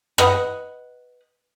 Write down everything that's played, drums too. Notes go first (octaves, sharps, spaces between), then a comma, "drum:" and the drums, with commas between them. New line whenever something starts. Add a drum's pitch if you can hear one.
B4 D#5 F#5, drum: rim click